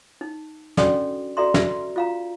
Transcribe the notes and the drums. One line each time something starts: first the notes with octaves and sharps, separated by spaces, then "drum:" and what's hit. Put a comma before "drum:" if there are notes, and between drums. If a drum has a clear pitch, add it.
D#4
C#4 D4 F#4 A4 D5, drum: snare
F#4 A4 D5 E5 A#5 C6
F#4 E5, drum: snare
F4 F5 A#5